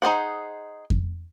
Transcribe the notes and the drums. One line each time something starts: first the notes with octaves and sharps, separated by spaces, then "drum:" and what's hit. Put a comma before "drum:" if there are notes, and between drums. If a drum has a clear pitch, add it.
D#4 G#4 C5 F#5
drum: kick F2